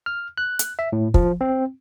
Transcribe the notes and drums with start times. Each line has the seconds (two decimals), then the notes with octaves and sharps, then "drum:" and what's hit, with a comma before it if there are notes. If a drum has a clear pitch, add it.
0.06 F6
0.38 F#6
0.59 drum: hi-hat
0.79 E5
0.93 A2
1.14 F3, drum: kick
1.41 C4